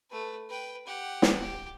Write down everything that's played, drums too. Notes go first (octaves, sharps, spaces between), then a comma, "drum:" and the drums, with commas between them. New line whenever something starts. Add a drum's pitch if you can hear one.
A3 B4
B4 G5
G4 F#5
drum: snare
G4